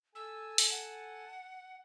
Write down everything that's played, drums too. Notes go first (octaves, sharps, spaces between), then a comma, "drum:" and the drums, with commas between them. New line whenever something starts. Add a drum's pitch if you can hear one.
A4 G#5 A5 E6
drum: open hi-hat
F#5